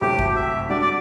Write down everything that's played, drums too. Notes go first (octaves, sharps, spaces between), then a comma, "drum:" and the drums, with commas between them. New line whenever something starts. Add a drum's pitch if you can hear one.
D2 C3 F#3 A3 E4 G4
drum: kick F#2
E5
D3 G3 D4 F#4 D5
D5